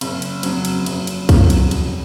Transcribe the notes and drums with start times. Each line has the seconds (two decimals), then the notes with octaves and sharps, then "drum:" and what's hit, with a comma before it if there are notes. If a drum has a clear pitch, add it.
0.01 F#1, drum: cymbal
0.22 drum: cymbal
0.43 F2 C#3 F#3, drum: cymbal
0.65 drum: cymbal
0.86 F#1, drum: cymbal
1.07 drum: cymbal
1.29 F2 C#3 F#3, drum: kick, cymbal
1.50 drum: cymbal
1.71 F1, drum: cymbal